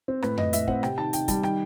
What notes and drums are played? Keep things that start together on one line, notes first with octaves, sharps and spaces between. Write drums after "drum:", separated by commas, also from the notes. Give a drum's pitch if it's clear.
C4
A2 B4, drum: rim click
A2 D#5, drum: tom F2
A2 E5, drum: hi-hat
C4 F#5, drum: kick
C3 G5, drum: rim click
D#3 A5
D#3 G5, drum: hi-hat
G3 A5, drum: kick, hi-hat
D#3 G5, drum: rim click